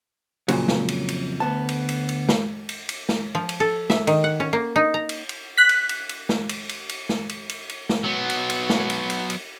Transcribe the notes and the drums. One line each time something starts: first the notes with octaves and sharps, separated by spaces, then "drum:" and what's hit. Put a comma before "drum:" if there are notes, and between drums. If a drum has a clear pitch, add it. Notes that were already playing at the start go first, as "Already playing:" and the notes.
F2 A#2 C#3 F#3, drum: cymbal
drum: snare
drum: cymbal
drum: cymbal
D2 B3 A5
drum: cymbal
drum: cymbal
drum: cymbal
drum: snare
drum: cymbal
drum: cymbal
drum: snare
F3
drum: cymbal
A4
E5, drum: snare
D#3, drum: cymbal
F#5
C#4
A#3
D#4
A#5
drum: cymbal
drum: cymbal
F#6 B6
drum: cymbal
drum: cymbal
drum: cymbal
drum: snare
drum: cymbal
drum: cymbal
drum: cymbal
drum: snare
drum: cymbal
drum: cymbal
drum: cymbal
drum: snare
F#3 B3
drum: cymbal
drum: cymbal
drum: snare
drum: cymbal
drum: cymbal
drum: cymbal